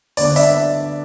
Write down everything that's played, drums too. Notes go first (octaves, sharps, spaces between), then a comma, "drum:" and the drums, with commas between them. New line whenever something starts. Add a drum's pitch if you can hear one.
D2 D3 B3 D4 D5, drum: open hi-hat
E5, drum: open hi-hat